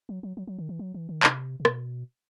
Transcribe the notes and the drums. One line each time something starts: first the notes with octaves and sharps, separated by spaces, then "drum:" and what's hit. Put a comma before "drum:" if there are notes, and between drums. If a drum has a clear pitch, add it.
F#3
F#3
F#3
F#3
D#3
E3
F#3
E3
D#3
C3, drum: clap
C3
B2, drum: rim click